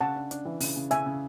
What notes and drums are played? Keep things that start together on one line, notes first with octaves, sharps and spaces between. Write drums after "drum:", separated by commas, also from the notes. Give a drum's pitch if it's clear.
C#3 F#5 A5
D4
D4, drum: hi-hat
E3
C#3, drum: open hi-hat
C#3
C#3 E5 G#5, drum: hi-hat
C#3